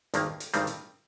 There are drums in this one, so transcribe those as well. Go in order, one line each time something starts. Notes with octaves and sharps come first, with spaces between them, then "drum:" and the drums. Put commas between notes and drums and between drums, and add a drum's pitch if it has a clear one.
G#1 G2 D#3 A#3, drum: hi-hat
drum: hi-hat
G#1 G2 D#3 G3 C4, drum: hi-hat
drum: hi-hat